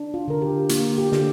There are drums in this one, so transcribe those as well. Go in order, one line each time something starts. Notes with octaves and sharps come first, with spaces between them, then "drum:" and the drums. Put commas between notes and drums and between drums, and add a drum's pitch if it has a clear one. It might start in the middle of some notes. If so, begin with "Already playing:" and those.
Already playing: D4
F4
D3 A#4
G4
A#3 F4, drum: hi-hat
G4
D3, drum: snare